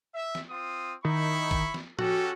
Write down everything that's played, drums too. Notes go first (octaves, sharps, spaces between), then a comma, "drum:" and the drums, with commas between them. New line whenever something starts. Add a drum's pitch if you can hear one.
E5
drum: snare
C4 F4 D#6
D#3 E4 B5 C#6
drum: kick
drum: snare
C#4 F#4 G4 A4, drum: tom